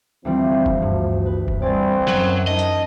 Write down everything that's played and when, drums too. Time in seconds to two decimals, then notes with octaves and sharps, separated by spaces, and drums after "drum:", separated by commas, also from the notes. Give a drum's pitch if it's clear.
0.25 D2 E3 F3 G3 C4
0.66 drum: kick F1
0.82 D2 G2
1.26 B4
1.48 drum: kick F1
1.62 G3 C4 D5 G#5 A6
2.08 F#2 F#3
2.47 D#4 D#5 A5
2.59 drum: hi-hat